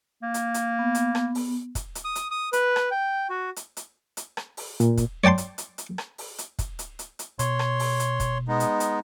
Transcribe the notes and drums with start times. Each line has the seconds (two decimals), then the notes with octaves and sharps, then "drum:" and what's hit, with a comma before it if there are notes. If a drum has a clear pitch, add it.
0.23 A#3
0.34 drum: hi-hat
0.54 drum: hi-hat
0.79 B3
0.95 drum: hi-hat
1.15 drum: rim click
1.35 drum: open hi-hat
1.75 drum: kick, hi-hat
1.95 drum: hi-hat
2.05 D#6
2.15 drum: hi-hat
2.31 D#6
2.53 B4, drum: hi-hat
2.76 drum: rim click
2.91 G5
3.30 F#4
3.56 drum: hi-hat
3.77 drum: hi-hat
4.17 drum: hi-hat
4.37 drum: rim click
4.57 drum: open hi-hat
4.80 A#2, drum: hi-hat
4.97 drum: kick, hi-hat
5.24 C#5 D5 G5 A5 C6
5.38 drum: hi-hat
5.58 drum: hi-hat
5.78 drum: hi-hat
5.98 drum: rim click
6.18 drum: open hi-hat
6.38 drum: hi-hat
6.59 drum: kick, hi-hat
6.79 drum: hi-hat
6.99 drum: hi-hat
7.19 drum: hi-hat
7.39 B2 C#5 C6, drum: hi-hat
7.59 drum: rim click
7.79 drum: open hi-hat
8.00 drum: hi-hat
8.20 drum: kick, hi-hat
8.48 G#3 B3 D#4
8.60 drum: hi-hat
8.80 drum: hi-hat